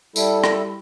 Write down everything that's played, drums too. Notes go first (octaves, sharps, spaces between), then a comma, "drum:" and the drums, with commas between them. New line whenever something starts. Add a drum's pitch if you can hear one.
G3 E4 A4, drum: tambourine
drum: rim click